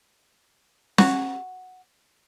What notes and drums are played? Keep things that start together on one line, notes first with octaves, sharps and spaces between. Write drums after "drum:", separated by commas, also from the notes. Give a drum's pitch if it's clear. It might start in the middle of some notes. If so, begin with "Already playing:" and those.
F#4, drum: snare